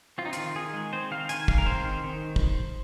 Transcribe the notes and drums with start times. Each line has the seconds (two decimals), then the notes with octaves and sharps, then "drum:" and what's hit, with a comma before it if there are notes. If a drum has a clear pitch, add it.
0.18 C4 F4
0.25 D#4
0.33 D#3 F4, drum: hi-hat
0.55 D#3 G#4
0.73 G#3
0.93 C4 C5
1.11 D#3 F5
1.29 D#3 G#5, drum: hi-hat
1.48 G#3 F5, drum: kick
1.58 A#4
1.66 C4 C5
1.85 D#3
2.04 D#3
2.36 drum: kick